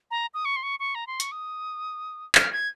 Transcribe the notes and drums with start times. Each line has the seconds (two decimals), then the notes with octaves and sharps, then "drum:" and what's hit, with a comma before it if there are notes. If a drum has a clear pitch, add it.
0.11 A#5
0.34 D#6
0.45 C#6
0.56 C6
0.63 C#6
0.79 C#6
0.95 A#5
1.07 C6
1.20 C#6, drum: hi-hat
1.32 D#6
2.35 F6, drum: clap
2.53 G#6